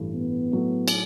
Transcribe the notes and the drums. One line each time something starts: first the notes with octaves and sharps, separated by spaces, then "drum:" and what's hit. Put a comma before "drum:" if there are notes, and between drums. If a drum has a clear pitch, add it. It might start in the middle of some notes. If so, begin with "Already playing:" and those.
Already playing: A1 G2 E3 A3
B3
A2 F#3 A3
drum: cymbal